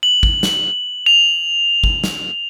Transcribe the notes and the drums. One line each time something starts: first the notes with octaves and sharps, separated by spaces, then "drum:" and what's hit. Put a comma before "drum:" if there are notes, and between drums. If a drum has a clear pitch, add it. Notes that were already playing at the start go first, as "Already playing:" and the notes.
F#7
drum: kick
drum: snare
F7
drum: kick
drum: snare